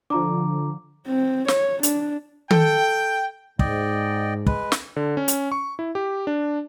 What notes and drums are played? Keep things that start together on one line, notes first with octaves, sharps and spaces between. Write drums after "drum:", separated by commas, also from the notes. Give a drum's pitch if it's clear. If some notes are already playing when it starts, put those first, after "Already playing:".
D3 F3 A#5 D6
C4
C#5, drum: snare
D4, drum: hi-hat
A4 G5, drum: tom D#3
G#2 D5 D#5 G5, drum: kick
G#3 B4, drum: kick
drum: snare
D3
C#4
drum: hi-hat
C#6
E4
G4
D4